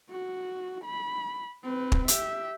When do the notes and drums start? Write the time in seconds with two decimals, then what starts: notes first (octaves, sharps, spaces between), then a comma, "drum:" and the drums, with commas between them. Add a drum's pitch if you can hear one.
0.10 F#4
0.85 B5
1.64 C4 B4
1.92 drum: kick
2.08 G4 E5, drum: hi-hat